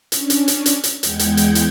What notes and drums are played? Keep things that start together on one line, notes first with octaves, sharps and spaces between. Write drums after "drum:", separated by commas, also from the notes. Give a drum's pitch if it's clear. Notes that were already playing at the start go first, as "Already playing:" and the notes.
C#4 D4, drum: hi-hat
drum: hi-hat
drum: hi-hat
drum: hi-hat
drum: hi-hat
E2 G#3 F#5 G5 G6 G#6, drum: hi-hat
drum: hi-hat
drum: hi-hat
drum: hi-hat